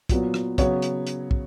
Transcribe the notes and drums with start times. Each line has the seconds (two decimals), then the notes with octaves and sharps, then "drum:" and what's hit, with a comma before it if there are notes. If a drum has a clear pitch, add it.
0.09 A#2 F#3 B3, drum: kick, hi-hat
0.34 drum: rim click
0.58 C#3 F#3 B3 C#5, drum: kick, hi-hat
0.82 drum: hi-hat
1.07 drum: hi-hat
1.31 drum: kick